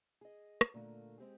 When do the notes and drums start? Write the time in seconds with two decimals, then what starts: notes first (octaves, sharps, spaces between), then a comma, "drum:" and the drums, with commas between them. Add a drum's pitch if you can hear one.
0.21 G#4 D#5
0.61 drum: rim click
0.74 A#2 D3 A3 A#3
1.18 G#3 C4 G4 G#4